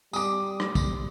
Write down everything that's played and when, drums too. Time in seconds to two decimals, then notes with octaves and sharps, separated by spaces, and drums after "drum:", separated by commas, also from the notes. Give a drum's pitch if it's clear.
0.13 G3 D6 D#6, drum: tambourine
0.60 drum: rim click
0.75 drum: kick, tambourine